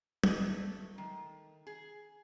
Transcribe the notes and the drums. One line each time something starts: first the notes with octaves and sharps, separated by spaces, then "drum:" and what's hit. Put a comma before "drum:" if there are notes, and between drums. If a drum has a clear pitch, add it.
D#5, drum: tom
A3
D#3
G#4